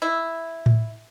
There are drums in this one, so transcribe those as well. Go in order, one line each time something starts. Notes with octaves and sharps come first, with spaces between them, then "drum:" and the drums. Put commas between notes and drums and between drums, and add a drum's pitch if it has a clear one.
E4
drum: tom A2